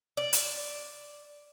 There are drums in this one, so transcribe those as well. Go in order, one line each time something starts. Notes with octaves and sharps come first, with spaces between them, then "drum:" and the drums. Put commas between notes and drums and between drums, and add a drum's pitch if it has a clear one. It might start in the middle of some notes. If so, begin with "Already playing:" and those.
D5
drum: hi-hat